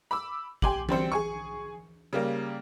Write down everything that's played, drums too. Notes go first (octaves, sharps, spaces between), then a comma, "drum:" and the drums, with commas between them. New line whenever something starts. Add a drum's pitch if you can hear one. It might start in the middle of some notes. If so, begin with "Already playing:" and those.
B5 D6 E6
G4 G#5 C6 D6 F#7, drum: kick
G3 C4 C5 C#7, drum: tom E3
G#4 G#5 C#6
C#3 G3 A#3